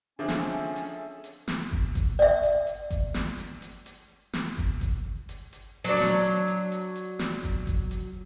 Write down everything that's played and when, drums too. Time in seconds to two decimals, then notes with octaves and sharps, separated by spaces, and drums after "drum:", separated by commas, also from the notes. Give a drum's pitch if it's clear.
0.19 D3 F3 C4 C#4 D#4 G#4 A4 E5
0.28 drum: snare
0.76 drum: hi-hat
1.24 drum: hi-hat
1.48 drum: snare
1.71 drum: kick G1
1.95 drum: kick G1, hi-hat
2.19 D5 E5, drum: hi-hat
2.43 drum: hi-hat
2.67 drum: hi-hat
2.90 drum: kick G1, hi-hat
3.14 drum: snare
3.38 drum: hi-hat
3.62 drum: hi-hat
3.86 drum: hi-hat
4.33 drum: snare
4.57 drum: kick G1, hi-hat
4.81 drum: kick G1, hi-hat
5.29 drum: hi-hat
5.53 drum: hi-hat
5.84 F#3 D4
6.00 drum: snare
6.24 drum: hi-hat
6.48 drum: hi-hat
6.72 drum: hi-hat
6.96 drum: hi-hat
7.19 drum: snare
7.43 drum: kick G1, hi-hat
7.67 drum: kick G1, hi-hat
7.91 drum: hi-hat